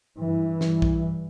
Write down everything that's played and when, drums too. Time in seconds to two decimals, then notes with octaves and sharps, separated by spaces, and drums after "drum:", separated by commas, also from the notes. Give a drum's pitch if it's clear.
0.19 G2 E3
0.61 G2, drum: snare
0.82 drum: kick